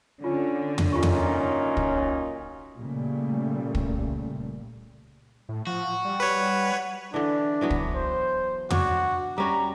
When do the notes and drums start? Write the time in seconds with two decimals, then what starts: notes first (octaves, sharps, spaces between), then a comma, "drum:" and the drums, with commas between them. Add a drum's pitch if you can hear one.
0.24 D3 C#4 F4
0.78 drum: tom
0.92 F#2 A#2 C#4 D#4 F4 G4 C#6
1.03 drum: tom
1.77 drum: kick
2.77 A#2 C#3 G3 A3
3.75 drum: kick
5.49 A2
5.67 F3 F#4
6.05 G3
6.20 B4 C#5
7.14 D3 E3 D4
7.61 E3 F#3 B3
7.71 drum: kick
7.95 C5
8.70 D4 F#4 C#5, drum: tom
9.38 G3 C#4 F#4 A#5